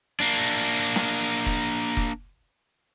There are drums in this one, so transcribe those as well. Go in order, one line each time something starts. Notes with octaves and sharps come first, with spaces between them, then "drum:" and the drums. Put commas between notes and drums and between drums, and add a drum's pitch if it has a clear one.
A#3 D4
drum: snare
drum: kick F1
drum: kick F1